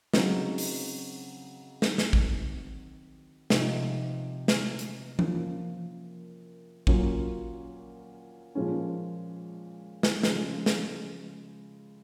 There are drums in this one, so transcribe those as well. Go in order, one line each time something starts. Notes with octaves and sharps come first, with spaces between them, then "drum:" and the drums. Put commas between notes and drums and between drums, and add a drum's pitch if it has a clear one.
C#3 F#3 C4 D#4, drum: snare
drum: open hi-hat
D#3 F#3 C4, drum: snare
drum: snare
drum: kick A1
C3 F3 C4 D#4, drum: snare
drum: snare
drum: hi-hat
F3 A#3 C#4, drum: tom E3
A#2 F#3 A#3 C#4 F4, drum: kick A1
A#2 F3 G#3 C#4
drum: snare
C#3 F3 G#3, drum: snare
drum: snare